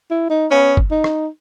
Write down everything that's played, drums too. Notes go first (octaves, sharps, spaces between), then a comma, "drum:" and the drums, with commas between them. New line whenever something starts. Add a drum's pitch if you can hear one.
E4
D#4
B3 C#4
drum: kick
D#4
drum: rim click